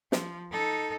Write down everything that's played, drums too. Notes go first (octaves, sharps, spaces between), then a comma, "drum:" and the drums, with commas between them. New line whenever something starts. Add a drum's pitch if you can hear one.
F3, drum: snare
D#4 A4